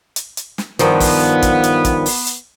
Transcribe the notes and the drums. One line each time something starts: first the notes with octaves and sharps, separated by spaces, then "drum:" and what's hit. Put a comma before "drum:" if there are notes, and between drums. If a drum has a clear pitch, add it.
drum: hi-hat
drum: hi-hat
drum: snare
G2 D#3 F3 B3, drum: hi-hat
drum: kick, open hi-hat
drum: kick, hi-hat
drum: hi-hat
drum: kick, hi-hat
drum: open hi-hat
drum: hi-hat